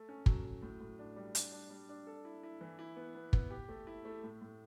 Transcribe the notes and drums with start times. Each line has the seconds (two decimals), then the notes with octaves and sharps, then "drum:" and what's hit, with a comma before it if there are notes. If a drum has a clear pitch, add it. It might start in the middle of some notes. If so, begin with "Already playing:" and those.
Already playing: A3
0.09 C#4
0.26 F#3, drum: kick
0.44 F#3
0.62 A2
0.80 A2
0.99 D4
1.16 G3
1.35 D4, drum: hi-hat
1.52 D4
1.70 G3
1.89 D4
2.07 A4
2.25 E4
2.43 E4
2.61 E3
2.79 E4
2.97 B3
3.15 B3
3.33 B3, drum: kick
3.51 G4
3.69 A3
3.87 E4
4.05 A3
4.23 A2
4.41 A2